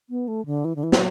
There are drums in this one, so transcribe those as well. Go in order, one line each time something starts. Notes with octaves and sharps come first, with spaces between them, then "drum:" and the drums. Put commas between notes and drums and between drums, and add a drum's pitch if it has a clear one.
B3
A3
D3
E3
D3
E3
F#3, drum: snare